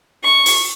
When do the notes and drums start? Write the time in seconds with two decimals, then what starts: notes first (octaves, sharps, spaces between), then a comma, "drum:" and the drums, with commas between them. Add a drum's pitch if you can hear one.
0.24 C#6
0.46 drum: open hi-hat